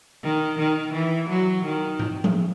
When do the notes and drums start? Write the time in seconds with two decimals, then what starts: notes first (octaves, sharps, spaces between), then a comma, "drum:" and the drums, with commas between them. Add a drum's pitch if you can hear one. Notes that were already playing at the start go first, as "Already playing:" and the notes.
0.22 D#3
0.58 D#3
0.93 E3
1.29 F#3
1.64 D#3
1.99 drum: tom A2
2.24 drum: tom F3